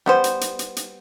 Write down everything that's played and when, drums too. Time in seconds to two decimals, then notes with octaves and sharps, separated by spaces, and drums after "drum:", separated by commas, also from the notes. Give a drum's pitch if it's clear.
0.06 G3 B3 C5, drum: snare
0.24 drum: hi-hat
0.41 drum: hi-hat
0.59 drum: hi-hat
0.76 drum: hi-hat